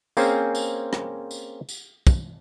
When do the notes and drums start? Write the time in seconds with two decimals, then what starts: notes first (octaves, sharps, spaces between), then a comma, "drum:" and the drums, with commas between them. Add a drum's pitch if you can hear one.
0.17 A#3 C4 C#4 G#4 C5, drum: tambourine
0.55 drum: tambourine
0.93 drum: rim click
1.31 drum: tambourine
1.69 drum: tambourine
2.07 drum: kick, tambourine